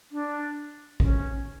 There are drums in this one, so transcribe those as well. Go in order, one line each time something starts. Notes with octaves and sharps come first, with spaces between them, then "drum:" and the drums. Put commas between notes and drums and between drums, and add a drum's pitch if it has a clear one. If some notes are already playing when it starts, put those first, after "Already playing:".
D4
C#4, drum: kick A1